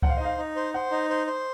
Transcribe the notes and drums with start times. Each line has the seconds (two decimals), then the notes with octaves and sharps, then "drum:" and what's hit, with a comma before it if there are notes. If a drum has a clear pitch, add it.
0.02 C5 F#5, drum: kick C#2
0.09 F5
0.17 D#5
0.20 D#4 F5
0.38 D#4
0.56 C5
0.74 C5 F#5
0.91 D#4
1.10 C5
1.27 C5